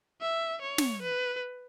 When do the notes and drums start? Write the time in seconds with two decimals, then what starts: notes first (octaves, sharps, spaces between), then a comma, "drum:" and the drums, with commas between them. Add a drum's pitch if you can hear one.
0.21 E5
0.62 C#5
0.78 drum: snare
1.02 B4